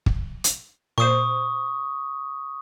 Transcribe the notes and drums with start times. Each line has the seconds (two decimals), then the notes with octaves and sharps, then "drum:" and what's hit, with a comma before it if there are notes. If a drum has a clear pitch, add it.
0.06 drum: kick
0.44 drum: hi-hat
0.98 A#2 C5 C#6 D#6